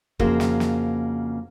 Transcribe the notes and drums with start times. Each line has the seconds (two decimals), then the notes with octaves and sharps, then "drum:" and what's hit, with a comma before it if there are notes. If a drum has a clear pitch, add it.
0.19 F2 C#3 A#3 F#4 C5, drum: kick
0.40 drum: snare
0.60 drum: snare